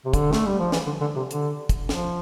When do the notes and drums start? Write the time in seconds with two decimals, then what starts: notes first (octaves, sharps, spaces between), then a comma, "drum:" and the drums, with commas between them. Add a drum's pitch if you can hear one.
0.05 C3
0.13 D3, drum: kick, hi-hat
0.33 A3, drum: snare
0.46 G3
0.59 F3
0.72 E3, drum: snare
0.86 D3
1.01 D3
1.16 C3
1.31 D3, drum: hi-hat
1.69 drum: kick, hi-hat
1.89 F3, drum: snare